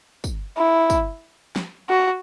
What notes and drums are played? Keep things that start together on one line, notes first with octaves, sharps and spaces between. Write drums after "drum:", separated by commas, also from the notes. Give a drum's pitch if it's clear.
drum: kick, tambourine
E4
drum: kick, tambourine
drum: snare
F#4